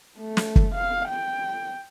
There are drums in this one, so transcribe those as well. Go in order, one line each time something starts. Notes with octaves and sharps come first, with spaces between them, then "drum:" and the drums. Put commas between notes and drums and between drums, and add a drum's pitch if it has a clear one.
A3
drum: snare
drum: kick
F5
G5